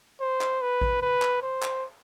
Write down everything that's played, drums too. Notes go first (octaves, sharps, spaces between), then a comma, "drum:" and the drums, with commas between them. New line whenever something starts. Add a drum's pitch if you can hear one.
C5
drum: clap
B4
drum: kick A1
B4
drum: clap
C5
drum: clap